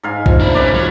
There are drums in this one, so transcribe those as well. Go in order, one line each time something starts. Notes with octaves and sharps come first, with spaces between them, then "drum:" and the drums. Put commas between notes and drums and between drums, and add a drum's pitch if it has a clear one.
G#2 F5 G#5
F3, drum: kick
D4 E4
A#3 C#4 B4 D5
F#3